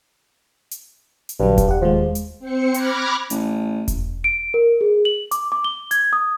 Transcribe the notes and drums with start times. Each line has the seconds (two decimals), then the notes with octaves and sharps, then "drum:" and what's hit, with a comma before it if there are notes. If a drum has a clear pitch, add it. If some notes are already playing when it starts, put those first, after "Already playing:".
0.71 drum: hi-hat
1.29 drum: hi-hat
1.40 A#1 G2 D3 F#3
1.58 drum: kick E1, hi-hat
1.68 G4 F#5
1.82 D#2 F3 G#3
2.15 drum: hi-hat
2.39 C4 C5 C#7
2.74 B5 D6 F6 F#6 G#6 A#6, drum: hi-hat
3.30 A1, drum: hi-hat
3.88 drum: kick E1, hi-hat
4.24 D7
4.54 A#4
4.81 G#4
5.05 F#7
5.31 D6, drum: hi-hat
5.52 D6
5.64 G7
5.91 G#6, drum: hi-hat
6.13 D#6